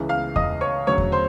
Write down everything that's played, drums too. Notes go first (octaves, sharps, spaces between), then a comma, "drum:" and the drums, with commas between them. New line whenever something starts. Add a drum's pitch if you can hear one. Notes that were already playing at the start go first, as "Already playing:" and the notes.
Already playing: C#2 C#3 E3 G#3
F5 F6
D#5 D#6, drum: kick E2
C#5 C#6
D2 C#3 F#3 C#5 C#6
drum: kick E2
C5 C6